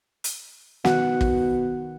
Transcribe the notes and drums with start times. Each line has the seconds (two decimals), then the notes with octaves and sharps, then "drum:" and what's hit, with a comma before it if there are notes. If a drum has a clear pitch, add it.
0.24 drum: hi-hat
0.85 B2 D#3 F#4 F#5, drum: snare
1.21 drum: kick